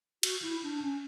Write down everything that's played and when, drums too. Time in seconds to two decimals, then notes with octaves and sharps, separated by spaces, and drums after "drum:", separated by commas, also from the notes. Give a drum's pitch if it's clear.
0.23 F#4, drum: cymbal
0.42 E4
0.63 D4
0.82 C#4